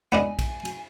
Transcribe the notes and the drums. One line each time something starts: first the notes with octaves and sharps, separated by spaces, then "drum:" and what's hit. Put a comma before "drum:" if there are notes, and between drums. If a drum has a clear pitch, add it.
B3 D4 D#5 G#5, drum: tom G#3
drum: kick, cymbal
drum: cymbal